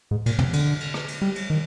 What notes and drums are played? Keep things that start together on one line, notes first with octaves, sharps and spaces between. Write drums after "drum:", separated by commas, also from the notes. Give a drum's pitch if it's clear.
G#2
A#2, drum: cymbal
C3, drum: tom
D3, drum: cymbal
drum: cymbal
drum: rim click
drum: cymbal
G3
drum: cymbal
D#3